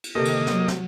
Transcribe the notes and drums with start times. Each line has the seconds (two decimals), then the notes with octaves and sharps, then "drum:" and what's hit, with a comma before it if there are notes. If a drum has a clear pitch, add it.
0.04 drum: cymbal
0.15 C3 D#3 A#3 G4 A4 A#4 D#5
0.25 drum: cymbal
0.47 F#3, drum: snare
0.68 drum: snare